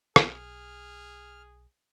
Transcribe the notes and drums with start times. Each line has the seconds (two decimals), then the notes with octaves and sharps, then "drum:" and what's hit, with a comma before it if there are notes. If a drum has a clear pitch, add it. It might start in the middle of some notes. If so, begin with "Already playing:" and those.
0.16 B1 G#4 F6, drum: rim click